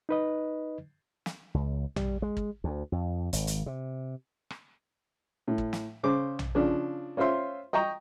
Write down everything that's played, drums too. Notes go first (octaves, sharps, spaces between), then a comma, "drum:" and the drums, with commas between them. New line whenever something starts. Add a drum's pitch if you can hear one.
D#4 B4 D#5
drum: snare
C#2
G3, drum: tom A#1
G#3
drum: kick
D2
F2
G#1, drum: hi-hat
drum: hi-hat
C3
drum: rim click
A2
drum: kick
drum: snare
C#3 C5 D6
drum: tom A#1
C#3 F3 D4
C#4 F4 C5 E5 C6
D#5 G5 A#5 C#6